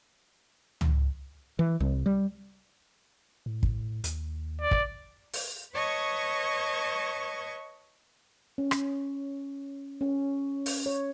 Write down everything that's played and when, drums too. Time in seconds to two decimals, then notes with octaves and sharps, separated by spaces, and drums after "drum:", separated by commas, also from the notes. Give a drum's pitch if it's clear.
0.81 drum: tom C#2
1.59 E3
1.80 C2
2.06 G3
3.46 A2
3.63 drum: kick
4.04 D#2, drum: hi-hat
4.61 D5
4.71 drum: kick
5.33 drum: open hi-hat
5.72 B4 C#5 D#5 A5 C#6 G#6
8.58 C#4
8.71 drum: rim click
10.01 C#4
10.66 drum: open hi-hat
10.86 C#5